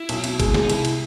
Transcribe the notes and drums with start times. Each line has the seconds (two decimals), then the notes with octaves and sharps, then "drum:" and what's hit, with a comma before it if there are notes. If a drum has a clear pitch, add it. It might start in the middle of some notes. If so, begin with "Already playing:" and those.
Already playing: E4
0.09 B1, drum: cymbal
0.24 B2, drum: cymbal
0.40 G#3, drum: kick, cymbal
0.54 G#3, drum: snare
0.62 D#4
0.70 C2 E4, drum: cymbal
0.85 drum: cymbal